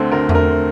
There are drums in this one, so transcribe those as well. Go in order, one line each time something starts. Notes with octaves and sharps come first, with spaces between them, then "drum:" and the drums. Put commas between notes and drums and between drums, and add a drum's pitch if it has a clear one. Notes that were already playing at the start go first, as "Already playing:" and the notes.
Already playing: D2 D3 A3 C4
D2 A#4
A3, drum: tom E2
A#4
C4